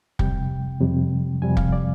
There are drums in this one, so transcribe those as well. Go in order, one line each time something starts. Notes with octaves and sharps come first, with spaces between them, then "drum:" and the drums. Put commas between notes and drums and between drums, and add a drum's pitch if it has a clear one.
F2 C3 G3 G5, drum: kick
F2 C3 G3
F2 C3 G3 G#5
F5, drum: kick
D5